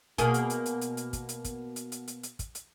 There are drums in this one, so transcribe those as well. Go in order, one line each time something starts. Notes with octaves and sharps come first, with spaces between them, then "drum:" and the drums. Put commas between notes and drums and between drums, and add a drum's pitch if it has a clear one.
B2 A#3 G#4, drum: kick, hi-hat
drum: hi-hat
drum: hi-hat
drum: hi-hat
drum: hi-hat
drum: hi-hat
drum: kick, hi-hat
drum: hi-hat
drum: kick, hi-hat
drum: hi-hat
drum: hi-hat
drum: hi-hat
drum: hi-hat
drum: kick, hi-hat
drum: hi-hat